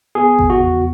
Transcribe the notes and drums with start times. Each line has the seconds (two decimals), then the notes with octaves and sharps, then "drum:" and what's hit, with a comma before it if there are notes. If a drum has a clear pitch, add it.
0.15 B3 G#4
0.39 C#3, drum: kick A1
0.50 F#4
0.60 E2